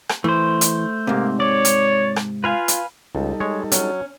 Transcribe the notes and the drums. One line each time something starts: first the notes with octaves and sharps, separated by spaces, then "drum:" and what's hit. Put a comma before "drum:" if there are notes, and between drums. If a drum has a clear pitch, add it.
drum: rim click
E3 A3 C5
drum: hi-hat
G#2 C3 A#3
C#5 D5
drum: hi-hat
drum: rim click
F4 B4 F5 G#5
drum: hi-hat
C#2 G3 D#4 A4
G#3 C#5
F#3 C#4, drum: hi-hat